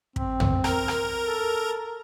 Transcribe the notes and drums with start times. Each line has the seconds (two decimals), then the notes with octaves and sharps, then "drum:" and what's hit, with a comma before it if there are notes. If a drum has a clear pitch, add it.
0.16 C4, drum: kick
0.40 drum: tom
0.64 A#4, drum: rim click
0.88 drum: rim click
1.26 A4